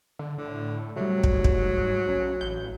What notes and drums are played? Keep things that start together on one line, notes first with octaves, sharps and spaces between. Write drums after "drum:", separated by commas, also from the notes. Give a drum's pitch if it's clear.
D3
A2 D3
C3 F#3 G3 A3
drum: kick
G#2
drum: kick
A#1 C#4
A1 G6